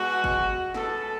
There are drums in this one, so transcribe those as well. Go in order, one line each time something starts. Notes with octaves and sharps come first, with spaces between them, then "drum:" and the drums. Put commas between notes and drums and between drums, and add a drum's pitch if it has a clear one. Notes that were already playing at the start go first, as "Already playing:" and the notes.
Already playing: B2 G#3 F#4
drum: kick
B2 G#3 A4, drum: snare